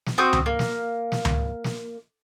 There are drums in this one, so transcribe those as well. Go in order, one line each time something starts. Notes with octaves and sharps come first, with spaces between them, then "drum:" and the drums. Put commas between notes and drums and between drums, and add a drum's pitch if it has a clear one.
drum: snare
C4 F#4 D#6 G6
drum: tom C#2
A#3
drum: snare
drum: snare
drum: tom C#2
drum: snare